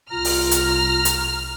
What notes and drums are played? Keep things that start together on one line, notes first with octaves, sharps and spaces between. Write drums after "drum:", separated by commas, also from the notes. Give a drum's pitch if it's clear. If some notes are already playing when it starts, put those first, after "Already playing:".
C2 F4 A#5 F6
drum: open hi-hat
drum: hi-hat
drum: hi-hat